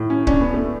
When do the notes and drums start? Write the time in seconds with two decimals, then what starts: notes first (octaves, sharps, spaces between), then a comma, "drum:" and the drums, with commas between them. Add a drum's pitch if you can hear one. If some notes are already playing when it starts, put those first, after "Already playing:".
Already playing: A2 E4
0.10 C#4
0.27 C#4 D4, drum: kick C#1
0.41 B3
0.54 A3